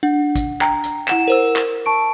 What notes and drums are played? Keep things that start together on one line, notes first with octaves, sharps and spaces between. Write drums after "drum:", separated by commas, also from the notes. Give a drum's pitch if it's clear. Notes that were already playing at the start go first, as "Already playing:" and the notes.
D4 F#5
drum: kick, hi-hat
G5 A#5, drum: clap
drum: hi-hat
E4 F#5 E7, drum: clap
A#4 C5 E6
drum: clap
A5 C#6 D7